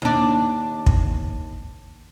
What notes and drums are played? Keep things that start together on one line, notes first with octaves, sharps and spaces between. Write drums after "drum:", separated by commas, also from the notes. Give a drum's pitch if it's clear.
D#2 D4
drum: kick